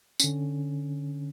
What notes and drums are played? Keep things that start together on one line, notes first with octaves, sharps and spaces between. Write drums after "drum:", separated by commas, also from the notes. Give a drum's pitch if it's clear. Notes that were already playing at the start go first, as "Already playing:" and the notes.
D3 C#4, drum: tambourine